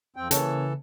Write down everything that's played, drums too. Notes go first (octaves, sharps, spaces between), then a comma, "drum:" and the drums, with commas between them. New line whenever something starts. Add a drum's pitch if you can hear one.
F2 C4 G5
C#3 E3 A#3 A4 C#5 A5, drum: hi-hat